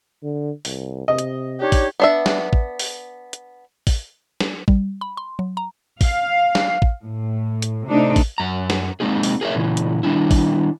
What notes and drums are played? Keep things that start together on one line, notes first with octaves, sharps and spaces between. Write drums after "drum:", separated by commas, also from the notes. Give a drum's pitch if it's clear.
D3
C2, drum: open hi-hat
C3 D#5
drum: hi-hat
D4 D#4 G4 C#5
drum: kick, open hi-hat
B3 D4 E5
drum: snare
drum: kick
drum: open hi-hat
drum: hi-hat
drum: kick, open hi-hat
drum: snare
G3, drum: kick
B5
C6
F#3
A#5
F5, drum: kick, open hi-hat
drum: snare
drum: kick
A2
drum: hi-hat
C3 A3 D4 D#4
drum: kick, open hi-hat
F#2 A#5
drum: snare
G#3 A#3 C4 D#4 G#4
drum: open hi-hat
G#4 A#4 C#5 E5
A#2 C#3 E3
drum: hi-hat
D#3 G3 D4 E4
drum: kick, open hi-hat